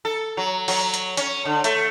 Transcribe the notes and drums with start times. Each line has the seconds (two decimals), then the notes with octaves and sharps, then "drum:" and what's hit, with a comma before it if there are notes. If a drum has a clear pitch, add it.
0.05 A4
0.37 F#3
0.68 F#3, drum: open hi-hat
0.94 drum: hi-hat
1.17 C#4, drum: hi-hat
1.45 D3
1.64 A3, drum: hi-hat